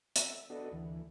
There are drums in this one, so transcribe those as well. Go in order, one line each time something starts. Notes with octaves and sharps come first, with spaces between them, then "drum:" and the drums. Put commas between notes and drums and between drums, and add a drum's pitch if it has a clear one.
E5, drum: hi-hat
B3 D4 F#4 A4 D#5
D2 E3